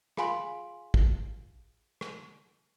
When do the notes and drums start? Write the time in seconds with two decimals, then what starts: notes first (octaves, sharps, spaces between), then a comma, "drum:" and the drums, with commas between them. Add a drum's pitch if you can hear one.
0.17 F4 G#4 F5 G#5 B5 C6, drum: rim click
0.94 drum: kick
2.01 drum: rim click